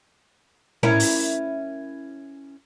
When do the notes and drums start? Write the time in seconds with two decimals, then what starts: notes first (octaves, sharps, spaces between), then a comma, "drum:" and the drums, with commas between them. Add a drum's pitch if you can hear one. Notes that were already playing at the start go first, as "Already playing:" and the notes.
0.83 C#4 E4 A#4, drum: tom A2
1.00 drum: open hi-hat